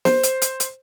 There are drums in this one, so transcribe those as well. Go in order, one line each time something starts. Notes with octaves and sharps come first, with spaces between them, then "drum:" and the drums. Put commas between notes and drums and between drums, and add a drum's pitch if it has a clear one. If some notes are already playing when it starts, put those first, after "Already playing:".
C5, drum: snare
drum: hi-hat
drum: hi-hat
drum: hi-hat